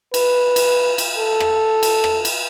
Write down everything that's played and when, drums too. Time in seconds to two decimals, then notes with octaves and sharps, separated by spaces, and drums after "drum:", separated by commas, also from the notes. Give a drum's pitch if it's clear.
0.14 B4, drum: cymbal
0.56 drum: cymbal
0.98 drum: cymbal
1.17 A4
1.40 drum: rim click
1.83 drum: cymbal
2.04 drum: rim click
2.25 drum: cymbal